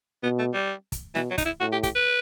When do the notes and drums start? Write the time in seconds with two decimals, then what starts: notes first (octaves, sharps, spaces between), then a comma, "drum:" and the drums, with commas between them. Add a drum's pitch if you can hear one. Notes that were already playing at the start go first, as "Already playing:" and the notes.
0.23 B2 B3
0.39 A3
0.54 G3
0.92 drum: kick, hi-hat
1.15 B2 E3, drum: snare
1.31 F#3
1.38 D#4, drum: kick, hi-hat
1.45 E4
1.61 A2 F#4
1.72 G4
1.83 G4, drum: kick, hi-hat
1.95 B4